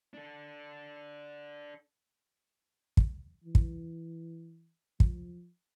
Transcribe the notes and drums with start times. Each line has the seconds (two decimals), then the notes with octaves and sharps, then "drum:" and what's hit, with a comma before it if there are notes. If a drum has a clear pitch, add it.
0.14 D4 A4
2.97 drum: kick
3.44 E3
3.55 drum: kick
5.00 F3, drum: kick